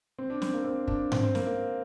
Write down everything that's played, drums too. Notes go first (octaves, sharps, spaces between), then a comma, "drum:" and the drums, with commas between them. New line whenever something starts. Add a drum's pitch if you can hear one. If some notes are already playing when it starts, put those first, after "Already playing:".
C4
D4
C4, drum: snare
A#3
C4
D4, drum: kick
C4, drum: tom G#2
C4
A#3, drum: snare
A#3